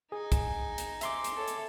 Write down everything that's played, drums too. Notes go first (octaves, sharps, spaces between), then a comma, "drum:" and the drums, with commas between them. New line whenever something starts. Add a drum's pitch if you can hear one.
D#4 G#4 G#5
drum: kick, hi-hat
drum: hi-hat
E5 C6 D6, drum: hi-hat
drum: hi-hat
A4 C#5
drum: hi-hat